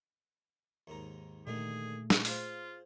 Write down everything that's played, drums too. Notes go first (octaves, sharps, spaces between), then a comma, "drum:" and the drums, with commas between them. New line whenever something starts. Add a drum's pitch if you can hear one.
D#2 G#2 A#4
A#2 D3 D#3 G3 A3 G#4
drum: snare
F4 G#4 C5 F5, drum: open hi-hat